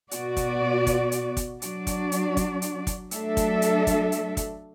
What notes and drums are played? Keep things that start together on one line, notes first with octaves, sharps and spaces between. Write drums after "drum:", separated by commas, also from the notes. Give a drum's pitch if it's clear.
B2 B3 F#4 D5, drum: hi-hat
drum: kick, hi-hat
drum: kick, hi-hat
drum: hi-hat
drum: kick, hi-hat
F#3 D4 F#4 D5, drum: hi-hat
drum: kick, hi-hat
drum: hi-hat
drum: kick, hi-hat
drum: hi-hat
drum: kick, hi-hat
F#3 A3 D4 A4 E5, drum: hi-hat
drum: kick, hi-hat
drum: hi-hat
drum: kick, hi-hat
drum: hi-hat
drum: kick, hi-hat